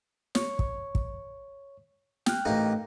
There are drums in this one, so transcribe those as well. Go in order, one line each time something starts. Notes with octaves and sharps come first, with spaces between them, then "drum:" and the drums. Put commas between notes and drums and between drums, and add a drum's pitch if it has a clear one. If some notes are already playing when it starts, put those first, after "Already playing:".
C#5 C#6, drum: snare
drum: kick
drum: kick
G5 F6 F#6, drum: snare
A1 A#3 D#4